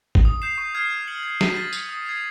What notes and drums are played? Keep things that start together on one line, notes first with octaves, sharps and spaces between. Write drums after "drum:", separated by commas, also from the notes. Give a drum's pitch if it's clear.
drum: kick G#1
D#6
G6 C7 E7
C#6
F6 G#6 C7
G#6
C#7 F#7
G#6
B6 D#7, drum: snare
A6
C#7 F7, drum: tambourine
D#6
G#6 C7